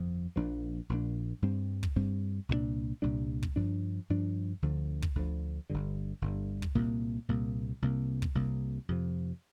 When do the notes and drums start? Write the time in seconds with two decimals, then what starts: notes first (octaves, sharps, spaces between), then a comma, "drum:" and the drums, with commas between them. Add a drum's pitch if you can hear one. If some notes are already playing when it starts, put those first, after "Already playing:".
Already playing: G1 F2 F3
0.36 A#1 A#2 F3 D4
0.89 A#1 A#2 F3 D4
1.42 G2 G3 C4
1.83 drum: kick
1.96 G2 G3 C4
2.49 C2 A#2 G3 D4
3.02 C2 A#2 G3 D4
3.43 drum: kick
3.56 G2 F3 D4
4.10 G2 F3 D4
4.62 D2 D3 F3
5.02 drum: kick
5.15 D2 D3 F3
5.70 G1 G2 D3
6.22 G1 G2 D3
6.62 drum: kick
6.75 C2 A#2 A#3
7.29 C2 A#2 A#3
7.82 C2 C3 A#3
8.22 drum: kick
8.35 C2 C3 A#3
8.89 F2 C3 F3